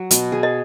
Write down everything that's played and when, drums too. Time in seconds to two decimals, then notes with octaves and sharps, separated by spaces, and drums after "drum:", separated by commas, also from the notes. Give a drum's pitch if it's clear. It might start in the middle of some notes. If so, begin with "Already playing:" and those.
Already playing: F#3
0.11 B2, drum: hi-hat
0.32 G#4
0.43 D#5